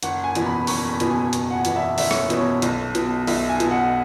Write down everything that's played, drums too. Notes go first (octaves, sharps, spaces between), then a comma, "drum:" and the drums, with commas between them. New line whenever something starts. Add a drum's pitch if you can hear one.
F#1 F#5, drum: hi-hat
G#5
E2 B2, drum: hi-hat
B5
F#1 C#6, drum: open hi-hat
B5
E2 B2, drum: hi-hat
G#5
F#1, drum: hi-hat
F#5
G#5
E2 B2, drum: hi-hat
E5
F#1 E5, drum: open hi-hat
C#5, drum: rim click
E2 B2, drum: hi-hat
C#5
B1, drum: hi-hat
B2, drum: hi-hat
B1 E5, drum: open hi-hat
G#5
B2, drum: hi-hat
F#5